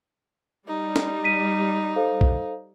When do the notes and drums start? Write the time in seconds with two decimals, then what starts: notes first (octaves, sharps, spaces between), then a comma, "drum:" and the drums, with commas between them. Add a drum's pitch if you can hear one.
0.68 G3 D#4
0.96 drum: snare
1.24 B6 D#7
1.96 A4 C5 F5
2.21 drum: kick